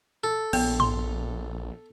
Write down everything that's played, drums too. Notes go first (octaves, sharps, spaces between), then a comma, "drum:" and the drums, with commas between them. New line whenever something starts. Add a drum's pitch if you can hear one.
A4
A#1 B3, drum: cymbal
C6, drum: tom